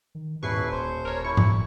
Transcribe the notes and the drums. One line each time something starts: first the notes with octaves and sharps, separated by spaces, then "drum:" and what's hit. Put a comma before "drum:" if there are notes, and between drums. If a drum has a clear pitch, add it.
D#3
D#1 G#2 E4 B4 C#6 C7
E1 C5
E1 A#4 C#5
E4 C#6
drum: tom